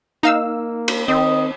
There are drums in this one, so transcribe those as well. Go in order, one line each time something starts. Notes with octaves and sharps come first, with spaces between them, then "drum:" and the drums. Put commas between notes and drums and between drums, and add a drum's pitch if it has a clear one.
A#3 D#4 F5 E6
drum: cymbal
D#3 C4 D#5